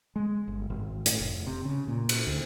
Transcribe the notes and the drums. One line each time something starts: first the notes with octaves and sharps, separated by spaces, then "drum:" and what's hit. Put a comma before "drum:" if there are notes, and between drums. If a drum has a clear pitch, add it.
G#3
G1
G#1
A2, drum: hi-hat
F1
C3
C#3
A#2
drum: cymbal
D2